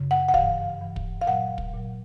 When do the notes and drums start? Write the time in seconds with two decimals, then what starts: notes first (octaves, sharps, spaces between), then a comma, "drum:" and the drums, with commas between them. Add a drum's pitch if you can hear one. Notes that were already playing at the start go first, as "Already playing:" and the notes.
Already playing: F#2 C#3
0.11 F#5
0.29 F#5
0.34 G2 E3 F5, drum: kick
0.81 G2 E3
0.96 drum: kick
1.21 F5
1.27 A#2 F#3 F#5
1.58 drum: kick
1.73 A#2 F#3